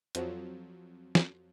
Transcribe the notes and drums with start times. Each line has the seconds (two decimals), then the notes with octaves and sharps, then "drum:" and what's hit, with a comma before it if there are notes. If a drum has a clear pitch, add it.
0.15 F2 F3 F#3, drum: hi-hat
1.15 drum: snare